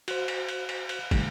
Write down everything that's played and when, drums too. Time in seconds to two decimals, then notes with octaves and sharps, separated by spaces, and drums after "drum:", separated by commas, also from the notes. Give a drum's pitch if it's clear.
0.08 F#4 C5, drum: cymbal
0.28 drum: cymbal
0.49 drum: cymbal
0.69 drum: cymbal
0.89 drum: cymbal
1.11 C#2 G#2 C3 D#3 G3 A3, drum: kick, cymbal